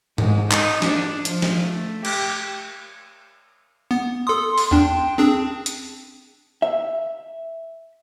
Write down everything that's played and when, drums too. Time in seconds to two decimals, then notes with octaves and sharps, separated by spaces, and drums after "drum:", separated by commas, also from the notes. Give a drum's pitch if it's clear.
0.18 G#2, drum: tom
0.51 D#4, drum: clap
0.82 D4, drum: snare
1.25 F3, drum: hi-hat
1.42 drum: snare
1.61 A3
2.05 G4, drum: cymbal
3.91 B3
4.27 A4 C6 D#6
4.58 drum: open hi-hat
4.71 E2 D4 G5
5.18 C4 D4 G#4
5.66 drum: hi-hat
6.62 E5